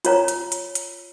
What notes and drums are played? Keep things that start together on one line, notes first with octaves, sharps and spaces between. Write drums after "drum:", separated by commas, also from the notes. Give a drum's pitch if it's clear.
F4 C#5 A#5, drum: hi-hat
drum: hi-hat
drum: hi-hat
drum: hi-hat